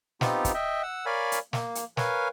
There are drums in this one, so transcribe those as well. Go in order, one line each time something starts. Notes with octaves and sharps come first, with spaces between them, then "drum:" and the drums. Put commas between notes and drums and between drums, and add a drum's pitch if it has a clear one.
B3 C4 D#4 F4 G4, drum: snare
drum: kick, hi-hat
D#5 E5 G5
F#5 E6
A#4 C#5 D5 F5 G#5 B5
drum: hi-hat
A#3, drum: snare
drum: hi-hat
A#4 B4 C#5 F5 G#5, drum: snare